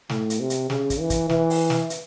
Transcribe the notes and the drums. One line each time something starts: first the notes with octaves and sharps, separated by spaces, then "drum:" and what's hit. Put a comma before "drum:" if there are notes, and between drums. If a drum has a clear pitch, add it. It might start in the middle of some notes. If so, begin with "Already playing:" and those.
A2, drum: snare
drum: hi-hat
C3
drum: hi-hat
C#3, drum: snare
drum: kick, hi-hat
E3
drum: kick, hi-hat
E3, drum: snare
drum: open hi-hat
drum: snare
drum: hi-hat